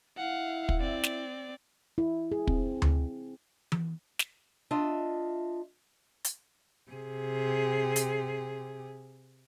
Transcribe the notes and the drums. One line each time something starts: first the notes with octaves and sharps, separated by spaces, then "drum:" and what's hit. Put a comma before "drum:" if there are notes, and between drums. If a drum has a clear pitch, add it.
E4 F5 F#5
drum: kick
C4 D5
drum: snare
E4
G#4
C4, drum: kick
drum: tom D2
drum: tom E3
drum: snare
D4 F4 D#5 E5
drum: hi-hat
C3 G#4
drum: hi-hat